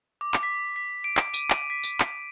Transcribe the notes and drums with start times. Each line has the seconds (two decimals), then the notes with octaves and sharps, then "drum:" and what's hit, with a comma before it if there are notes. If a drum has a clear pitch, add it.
0.21 D6
0.34 drum: clap
0.43 B6
0.76 B6
1.04 D7
1.17 drum: clap
1.34 D#7, drum: tambourine
1.50 drum: clap
1.70 B6
1.83 drum: tambourine
2.00 drum: clap